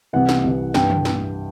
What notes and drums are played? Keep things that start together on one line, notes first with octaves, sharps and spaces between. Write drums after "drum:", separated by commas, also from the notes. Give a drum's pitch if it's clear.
C2 C3 E3 F#5
drum: snare
C2 C3 E3
G2 E3 G5, drum: snare
drum: tom
drum: snare